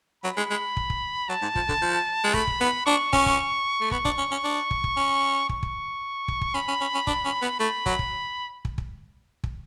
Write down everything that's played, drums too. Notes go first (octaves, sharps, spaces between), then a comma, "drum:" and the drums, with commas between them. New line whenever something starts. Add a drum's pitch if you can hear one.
F#3 B5
G#3
G#3
drum: kick
drum: kick
F#3 A5
G#2
F3, drum: kick
D3, drum: kick
F3
G#3
A3 B5, drum: kick
drum: kick
B3
D4 C#6
C#4, drum: kick
drum: kick
A3
B3 C#6, drum: kick
D4, drum: kick
C#4
C#4
D4
drum: kick
drum: kick
C#4
C#6, drum: kick
drum: kick
drum: kick
drum: kick
C#4 B5
C#4
C#4
C#4
D4, drum: kick
C#4
B3
A3 B5
F#3, drum: kick
drum: kick
drum: kick
drum: kick
drum: kick